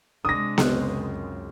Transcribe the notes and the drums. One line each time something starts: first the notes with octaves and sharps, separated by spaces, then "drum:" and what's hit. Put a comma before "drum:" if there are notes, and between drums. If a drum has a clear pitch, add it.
C3 G#3 D4 D#6 A#6
C#2 F#2 C#3 C4 F#6, drum: snare B3